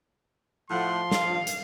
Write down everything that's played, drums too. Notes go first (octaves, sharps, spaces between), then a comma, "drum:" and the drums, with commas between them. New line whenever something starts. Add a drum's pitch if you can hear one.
A2 F3 A3 F#5 C6
F4 F5, drum: snare
drum: hi-hat